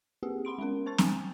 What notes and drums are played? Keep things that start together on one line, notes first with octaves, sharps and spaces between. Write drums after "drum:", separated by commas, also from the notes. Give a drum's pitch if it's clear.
A#3 C4 G4 G#4
F#5 B5 C6 D7
G#3 B3 C#4 A#4
C5 A5 C#6 A6
G5 G#5 A#5, drum: snare C4